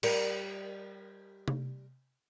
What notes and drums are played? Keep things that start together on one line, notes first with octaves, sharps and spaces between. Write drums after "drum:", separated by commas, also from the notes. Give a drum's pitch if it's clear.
G3 A#4, drum: cymbal
drum: tom C3